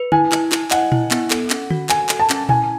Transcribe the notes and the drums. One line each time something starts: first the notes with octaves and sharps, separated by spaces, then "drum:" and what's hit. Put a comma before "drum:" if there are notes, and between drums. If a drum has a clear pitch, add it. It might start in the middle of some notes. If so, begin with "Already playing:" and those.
Already playing: B4
E4 G#5, drum: tom D3
E4, drum: clap
E4, drum: clap
D#5 F#5, drum: clap
E4, drum: tom A#2
B3, drum: clap
A4, drum: clap
C#4, drum: clap
F#4, drum: tom D3
A4 G#5, drum: clap
A4, drum: clap
A5
C#4, drum: clap
E4 G#5, drum: tom A#2